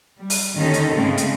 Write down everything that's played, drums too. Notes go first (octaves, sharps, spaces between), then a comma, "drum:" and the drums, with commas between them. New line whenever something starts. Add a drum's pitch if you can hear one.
G3
drum: open hi-hat
D#2 D3 D#3 C#4 D#4 A4
drum: hi-hat
G#2 C#3 G#3 A3 C4
drum: hi-hat